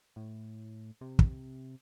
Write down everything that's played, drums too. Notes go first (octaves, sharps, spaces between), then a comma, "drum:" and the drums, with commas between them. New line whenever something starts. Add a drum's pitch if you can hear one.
A2
C3
drum: kick